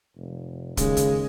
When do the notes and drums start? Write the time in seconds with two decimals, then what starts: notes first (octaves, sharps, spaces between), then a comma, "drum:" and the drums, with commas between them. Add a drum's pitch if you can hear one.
0.16 F1
0.77 D#2 C#3 G#3, drum: kick, hi-hat
0.97 drum: hi-hat